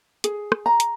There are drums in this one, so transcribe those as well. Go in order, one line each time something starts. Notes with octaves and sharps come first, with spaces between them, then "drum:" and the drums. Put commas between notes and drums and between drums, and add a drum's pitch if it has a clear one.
G#4, drum: hi-hat
drum: rim click
A#5
drum: hi-hat